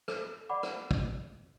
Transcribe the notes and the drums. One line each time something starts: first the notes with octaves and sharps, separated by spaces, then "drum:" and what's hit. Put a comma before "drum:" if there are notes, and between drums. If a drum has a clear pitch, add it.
A4, drum: rim click
D5 F#5 B5 D6
drum: rim click
drum: kick